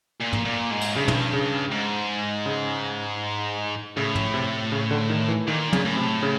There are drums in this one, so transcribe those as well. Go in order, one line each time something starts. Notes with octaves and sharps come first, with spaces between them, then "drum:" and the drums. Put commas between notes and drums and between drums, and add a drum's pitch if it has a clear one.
A#2
drum: tom
A#2
G#2
drum: cymbal
G2 C#3
drum: tom
C#3
G#2
C#3
A2 C#3
drum: tom
C3
C#3
D3
D#3
E3
A#2 D#3
C#3, drum: tom
A2
C3
C#3